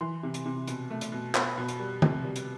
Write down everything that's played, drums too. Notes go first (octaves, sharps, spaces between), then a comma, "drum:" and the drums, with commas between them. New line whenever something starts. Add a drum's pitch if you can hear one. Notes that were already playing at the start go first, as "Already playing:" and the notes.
E3 C6
C3
drum: hi-hat
C3
B2, drum: hi-hat
A3
drum: hi-hat
B2
B3 B5, drum: clap
B2
drum: hi-hat
G3
C3, drum: tom D3
G3
drum: hi-hat